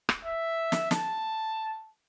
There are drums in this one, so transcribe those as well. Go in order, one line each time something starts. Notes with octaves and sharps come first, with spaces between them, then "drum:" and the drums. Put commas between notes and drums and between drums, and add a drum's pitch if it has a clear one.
drum: rim click
E5
drum: snare
A5, drum: snare